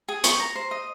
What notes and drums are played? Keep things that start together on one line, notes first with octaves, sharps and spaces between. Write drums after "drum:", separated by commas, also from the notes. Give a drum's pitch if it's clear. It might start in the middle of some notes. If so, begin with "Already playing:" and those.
G#4
C#6, drum: hi-hat
A#5
C5
D#5